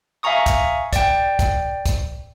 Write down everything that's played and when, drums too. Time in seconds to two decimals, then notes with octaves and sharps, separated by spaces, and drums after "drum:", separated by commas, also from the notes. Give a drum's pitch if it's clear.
0.23 E5 F5 G#5 A#5 C#6 D#6
0.46 drum: kick, hi-hat
0.93 D5 G5, drum: kick, hi-hat
1.39 drum: kick, hi-hat
1.86 drum: kick, hi-hat